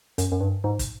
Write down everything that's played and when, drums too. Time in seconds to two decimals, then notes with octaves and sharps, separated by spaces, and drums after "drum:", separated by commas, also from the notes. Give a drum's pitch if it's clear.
0.18 F#2, drum: hi-hat
0.32 F#2
0.40 G2
0.64 G#2
0.79 drum: kick, hi-hat